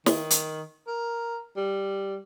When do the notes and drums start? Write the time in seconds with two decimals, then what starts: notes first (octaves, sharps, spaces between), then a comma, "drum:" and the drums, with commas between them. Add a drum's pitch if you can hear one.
0.06 D#3, drum: snare
0.31 drum: hi-hat
0.87 A#4
1.56 G3